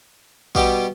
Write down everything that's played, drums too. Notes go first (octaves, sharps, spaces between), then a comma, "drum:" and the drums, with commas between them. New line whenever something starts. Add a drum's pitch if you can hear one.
B2 G3 B3 G4, drum: kick